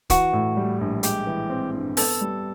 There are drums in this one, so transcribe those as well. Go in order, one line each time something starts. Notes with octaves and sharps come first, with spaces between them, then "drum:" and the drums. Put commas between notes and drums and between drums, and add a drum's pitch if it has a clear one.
E3 F#4, drum: kick, hi-hat
A2
G3
A#1
G#3 G4, drum: hi-hat
E3
C4
G2
B3 A4, drum: open hi-hat
G3